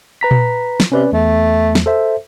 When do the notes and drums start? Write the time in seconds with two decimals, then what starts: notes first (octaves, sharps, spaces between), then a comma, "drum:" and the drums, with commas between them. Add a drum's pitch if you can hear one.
0.21 B4 A#5 B6
0.31 drum: tom A#2
0.80 drum: snare
0.92 C3 C#4 B4 D5
1.13 E2 A3
1.75 drum: snare
1.86 A4 C5 E5